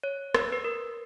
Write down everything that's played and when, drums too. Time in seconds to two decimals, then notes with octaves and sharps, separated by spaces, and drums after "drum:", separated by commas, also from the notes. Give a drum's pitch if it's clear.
0.03 C#5
0.35 B4, drum: rim click
0.52 B4
0.64 A#4